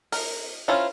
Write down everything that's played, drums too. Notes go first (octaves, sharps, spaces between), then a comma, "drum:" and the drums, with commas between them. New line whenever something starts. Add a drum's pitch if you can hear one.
A#4, drum: open hi-hat
C#4 E4 F4 A#4 C5